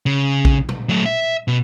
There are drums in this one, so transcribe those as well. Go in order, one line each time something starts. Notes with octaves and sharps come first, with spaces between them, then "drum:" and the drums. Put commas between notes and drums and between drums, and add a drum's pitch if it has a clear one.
C#3
drum: kick A#1
drum: tom A#2
F#3 A3
E5
B2